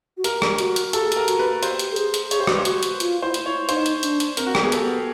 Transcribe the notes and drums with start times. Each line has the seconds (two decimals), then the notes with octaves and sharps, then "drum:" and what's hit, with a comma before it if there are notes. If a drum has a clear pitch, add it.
0.17 F#4
0.24 G4 A#4, drum: hi-hat
0.42 drum: rim click
0.58 F#4, drum: hi-hat
0.76 drum: hi-hat
0.93 G4 A4, drum: hi-hat
1.02 G#4
1.12 G4 A#4, drum: hi-hat
1.28 F#4, drum: hi-hat
1.39 B4
1.63 G4 C5, drum: hi-hat
1.79 drum: hi-hat
1.92 A4
1.96 G#4, drum: hi-hat
2.14 drum: hi-hat
2.31 G#4 C#5, drum: hi-hat
2.39 G4 C5
2.47 F#4 B4, drum: rim click
2.55 G4
2.58 C5
2.65 F#4, drum: hi-hat
2.83 drum: hi-hat
3.00 F4, drum: hi-hat
3.22 E4 C5
3.34 drum: hi-hat
3.46 E4 C#5
3.69 D#4 C5, drum: hi-hat
3.86 drum: hi-hat
4.03 D4, drum: hi-hat
4.20 drum: hi-hat
4.37 C4 A#4, drum: hi-hat
4.46 F#4
4.55 G4, drum: rim click
4.60 B3 G#4
4.72 A4, drum: hi-hat
4.83 B3